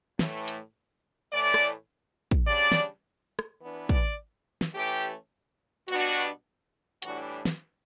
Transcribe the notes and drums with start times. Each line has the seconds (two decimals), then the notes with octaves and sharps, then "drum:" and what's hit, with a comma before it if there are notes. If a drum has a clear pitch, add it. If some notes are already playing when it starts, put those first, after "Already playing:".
0.19 A2 E3 A3, drum: snare
0.48 drum: hi-hat
1.33 A2 E3 A3 D5
1.54 drum: rim click
2.31 drum: kick
2.46 C#3 G3 D4 D5
2.72 drum: snare
3.39 drum: rim click
3.61 E3 B3 D4
3.89 D5, drum: kick
4.61 drum: snare
4.75 E3 A3 C#4 G4
5.88 B2 G3 B3 D4 F#4, drum: hi-hat
7.02 A2 E3 G3 D4 F#4, drum: hi-hat
7.45 drum: snare